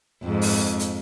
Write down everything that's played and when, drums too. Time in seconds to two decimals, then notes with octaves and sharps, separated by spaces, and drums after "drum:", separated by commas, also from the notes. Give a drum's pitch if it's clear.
0.23 F2 G#2
0.42 drum: open hi-hat
0.79 drum: hi-hat